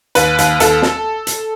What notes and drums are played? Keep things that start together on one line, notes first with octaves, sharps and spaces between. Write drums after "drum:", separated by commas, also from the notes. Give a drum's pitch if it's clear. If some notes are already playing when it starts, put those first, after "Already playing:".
D#2 B4, drum: hi-hat
D#2, drum: hi-hat
D#2 A4, drum: hi-hat
drum: snare
drum: hi-hat